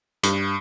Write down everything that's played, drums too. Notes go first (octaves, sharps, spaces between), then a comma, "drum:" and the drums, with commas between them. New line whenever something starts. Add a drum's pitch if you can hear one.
G2, drum: hi-hat